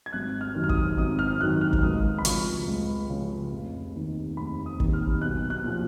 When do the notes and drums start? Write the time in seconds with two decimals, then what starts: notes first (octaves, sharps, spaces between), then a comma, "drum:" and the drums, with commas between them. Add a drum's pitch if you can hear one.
0.06 G#6
0.13 G#1 F#6
0.41 F6
0.55 F#2 D#3
0.64 F6
0.69 D#6, drum: kick
0.98 G#1 D#6
1.19 F6
1.41 F#2 D#3 F#6
1.61 F6
1.73 drum: kick
1.82 C#2 D#6
2.18 B5
2.25 C#3 F3 C#6, drum: hi-hat
2.67 C#2
3.10 C#3 F3
3.52 F1
3.95 D#2 D#3
4.37 F1 B5
4.66 D#6
4.80 D#2 D#3, drum: kick
4.93 F6
5.21 B1 F#6
5.50 F#6
5.64 A#2 F3